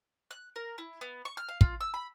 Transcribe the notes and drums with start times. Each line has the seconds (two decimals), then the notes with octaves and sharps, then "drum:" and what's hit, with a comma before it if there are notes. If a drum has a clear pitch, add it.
0.31 F#6
0.56 A#4
0.78 E4
1.01 B3
1.25 C#6
1.37 F6
1.48 F5
1.61 F4, drum: kick
1.81 E6
1.94 B5